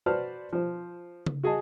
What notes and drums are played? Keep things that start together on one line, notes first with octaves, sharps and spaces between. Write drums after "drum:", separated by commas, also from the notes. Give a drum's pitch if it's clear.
F#4 B4 C5 D5 A5 F6
F3 C5
drum: tom C#3
F#4 G#4 D#5 A5